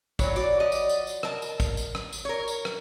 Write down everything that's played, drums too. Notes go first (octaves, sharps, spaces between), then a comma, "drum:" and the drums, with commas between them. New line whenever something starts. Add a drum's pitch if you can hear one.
E3 F#3 C#5 D5, drum: kick, tambourine
F#4 D5, drum: tambourine
F3 D5 D#5
drum: tambourine
drum: tambourine
drum: tambourine
A#4 D#5 A5, drum: rim click
drum: tambourine
drum: kick, tambourine
drum: tambourine
drum: rim click
drum: tambourine
A#4 C#5
drum: tambourine
drum: rim click